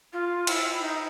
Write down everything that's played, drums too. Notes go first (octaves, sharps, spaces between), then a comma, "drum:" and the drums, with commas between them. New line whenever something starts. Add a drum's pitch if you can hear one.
F4
E4, drum: cymbal
D#4